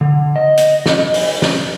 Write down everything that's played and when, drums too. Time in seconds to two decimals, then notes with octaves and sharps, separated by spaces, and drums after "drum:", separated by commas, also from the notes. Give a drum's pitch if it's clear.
0.01 D3
0.36 D#5
0.57 drum: hi-hat
0.86 drum: snare
1.14 drum: open hi-hat
1.42 drum: snare